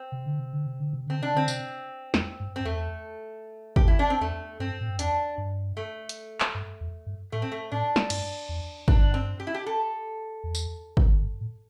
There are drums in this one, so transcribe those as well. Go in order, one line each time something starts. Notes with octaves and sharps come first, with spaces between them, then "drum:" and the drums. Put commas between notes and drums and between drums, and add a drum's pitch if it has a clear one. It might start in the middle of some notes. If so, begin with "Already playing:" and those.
Already playing: C4
C3
D3
C3
D3
C3
D3
C3
D3 C4
C3 D4
D3 C4
C3, drum: tambourine
E2, drum: snare
G2
C4
G2
E2 A3
G4, drum: kick
E2
E4
D4
C4
E2 A3
G2 C4
A2
G2
E2 D4, drum: hi-hat
G2
A3
drum: hi-hat
drum: clap
G2
E2
G2
A2 A3
C4
A3
A2 D4
drum: snare
G2, drum: cymbal
E2
G2 D4, drum: kick
C4
G4
E4
G4
A4
E2
drum: tambourine
drum: kick
G2
A2